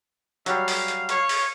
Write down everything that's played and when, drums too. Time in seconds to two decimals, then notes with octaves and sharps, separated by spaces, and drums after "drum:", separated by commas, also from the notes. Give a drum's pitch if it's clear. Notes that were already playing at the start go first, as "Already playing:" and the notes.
0.46 F#3 G3 F5, drum: hi-hat
0.68 drum: open hi-hat
0.88 drum: hi-hat
1.09 C#5, drum: hi-hat
1.29 drum: open hi-hat